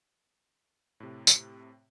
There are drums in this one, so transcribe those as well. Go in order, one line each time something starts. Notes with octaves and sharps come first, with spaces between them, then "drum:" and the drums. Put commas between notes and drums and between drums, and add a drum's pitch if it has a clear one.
A2 C3
drum: tambourine